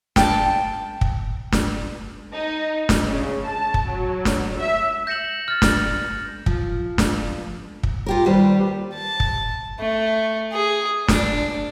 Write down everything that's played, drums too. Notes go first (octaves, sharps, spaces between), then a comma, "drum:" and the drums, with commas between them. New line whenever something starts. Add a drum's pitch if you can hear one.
G5 A5, drum: snare
drum: kick
drum: snare
D#4
drum: snare
C#3
A5
drum: kick
F#3
drum: snare
E5
G6 A#6 C#7 E7 F#7
F6 A6
drum: snare
F3, drum: kick
drum: snare
drum: kick
F4 G4 A#4
D#2 G3 B4 C5
A5
drum: kick
A3
G#4
D4, drum: snare